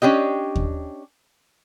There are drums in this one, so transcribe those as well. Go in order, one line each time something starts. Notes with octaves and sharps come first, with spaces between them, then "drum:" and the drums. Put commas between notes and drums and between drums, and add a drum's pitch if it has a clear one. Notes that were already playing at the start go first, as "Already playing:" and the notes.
C#4 D4 G4 D#5
drum: kick D#2